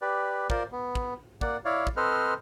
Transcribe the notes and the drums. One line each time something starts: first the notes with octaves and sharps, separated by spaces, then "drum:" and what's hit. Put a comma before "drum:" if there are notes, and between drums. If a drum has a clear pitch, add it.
G4 B4 D5
F4 A#4 C5 D5, drum: kick
B3
drum: kick
A#3 D5 F#5, drum: kick
E4 C#5 D5 F5
drum: kick
C4 A4 B4 C5 D#5 F6